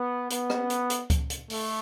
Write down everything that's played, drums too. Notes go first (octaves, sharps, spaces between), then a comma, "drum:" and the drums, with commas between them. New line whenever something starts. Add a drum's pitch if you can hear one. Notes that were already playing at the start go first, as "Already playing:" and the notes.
Already playing: B3
B3, drum: hi-hat
drum: rim click
drum: hi-hat
drum: hi-hat
drum: kick C#2, hi-hat
drum: hi-hat
A3, drum: open hi-hat